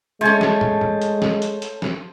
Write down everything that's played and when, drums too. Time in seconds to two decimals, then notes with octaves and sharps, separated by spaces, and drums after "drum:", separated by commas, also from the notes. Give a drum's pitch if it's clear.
0.21 G#3 A3 C#4 C5 G#5 A5
0.41 drum: snare
0.61 drum: tom
0.81 drum: tom
1.02 drum: hi-hat
1.22 drum: snare
1.42 drum: hi-hat
1.62 drum: hi-hat
1.82 drum: snare